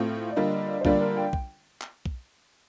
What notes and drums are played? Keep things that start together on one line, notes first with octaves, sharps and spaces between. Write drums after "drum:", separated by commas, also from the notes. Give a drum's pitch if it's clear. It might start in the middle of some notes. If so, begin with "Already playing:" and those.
Already playing: A2 A3 C4 F4
D5
D3 G3 A#3 D4 F4 D#5
C5
D3 G3 A#3 D4 F4 D5, drum: kick B1
A#4
G5
drum: kick B1
drum: clap
drum: kick B1